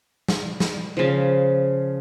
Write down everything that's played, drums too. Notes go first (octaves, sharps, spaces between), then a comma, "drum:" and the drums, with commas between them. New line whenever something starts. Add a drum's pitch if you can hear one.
drum: snare
drum: snare
C#3 F3